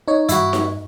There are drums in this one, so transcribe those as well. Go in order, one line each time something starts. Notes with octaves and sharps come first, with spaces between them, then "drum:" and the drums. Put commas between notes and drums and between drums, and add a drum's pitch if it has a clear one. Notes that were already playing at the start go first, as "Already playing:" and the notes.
D#4 C#5
G2 E4 F#4, drum: hi-hat
drum: snare D#4